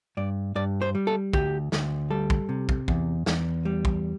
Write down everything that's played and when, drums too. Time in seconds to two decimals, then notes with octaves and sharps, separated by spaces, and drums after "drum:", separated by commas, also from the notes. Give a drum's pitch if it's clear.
0.17 G2 D5
0.55 G2 D5
0.82 C5
0.95 G3
1.07 A4
1.33 D2 G4, drum: kick
1.72 D2, drum: snare
2.10 G3 A4
2.30 drum: kick
2.49 C3
2.69 drum: kick
2.88 E2, drum: kick
3.26 E2, drum: snare
3.65 G3
3.85 drum: kick